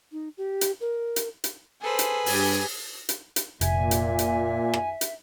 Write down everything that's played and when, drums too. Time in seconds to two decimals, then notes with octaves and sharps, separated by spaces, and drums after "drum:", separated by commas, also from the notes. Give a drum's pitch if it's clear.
0.12 D#4
0.37 G4
0.61 drum: hi-hat
0.81 A#4
1.16 drum: hi-hat
1.44 drum: hi-hat
1.81 G#4 A4 B4 C5
1.99 drum: hi-hat
2.26 G2 G4 G#5, drum: open hi-hat
3.09 drum: hi-hat
3.36 drum: hi-hat
3.61 F1 A#2 E5 G#5, drum: hi-hat
3.91 drum: hi-hat
4.19 drum: hi-hat
4.74 drum: rim click
5.01 drum: hi-hat